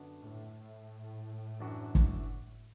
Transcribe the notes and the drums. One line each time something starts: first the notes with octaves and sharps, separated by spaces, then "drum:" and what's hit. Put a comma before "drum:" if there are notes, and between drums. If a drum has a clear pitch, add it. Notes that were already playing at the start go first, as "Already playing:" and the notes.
Already playing: F#2 D3 B3 D4 F#4
A2
F#2 E3 D4 F#4
drum: kick